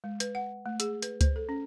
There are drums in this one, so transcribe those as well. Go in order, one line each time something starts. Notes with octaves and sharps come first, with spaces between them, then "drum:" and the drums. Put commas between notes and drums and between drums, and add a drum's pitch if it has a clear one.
G#3
B4, drum: hi-hat
F#5
A3
G#4, drum: hi-hat
B4, drum: hi-hat
C5, drum: kick C#2, hi-hat
A4
C#4